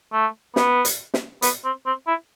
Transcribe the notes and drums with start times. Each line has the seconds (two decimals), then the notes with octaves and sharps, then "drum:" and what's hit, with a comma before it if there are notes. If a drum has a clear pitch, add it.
0.13 A3
0.56 B3, drum: snare
0.85 drum: hi-hat
1.14 drum: snare
1.42 B3, drum: hi-hat
1.64 C4
1.86 C4
2.07 E4